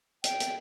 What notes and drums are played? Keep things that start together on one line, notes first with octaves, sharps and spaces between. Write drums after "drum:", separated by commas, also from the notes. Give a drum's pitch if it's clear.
G5, drum: hi-hat
drum: hi-hat